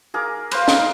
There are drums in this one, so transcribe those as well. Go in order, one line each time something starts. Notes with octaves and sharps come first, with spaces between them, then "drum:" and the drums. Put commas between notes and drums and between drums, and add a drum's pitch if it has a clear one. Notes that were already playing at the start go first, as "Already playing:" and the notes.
G#4 A#4 D6
B4 C5 F5, drum: cymbal
D#4, drum: snare